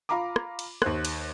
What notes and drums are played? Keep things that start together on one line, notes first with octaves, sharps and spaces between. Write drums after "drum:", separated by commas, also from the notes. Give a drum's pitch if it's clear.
F4 F5 A#5 B5 D6
drum: rim click
drum: cymbal
D#2 C5 F#6, drum: rim click
drum: cymbal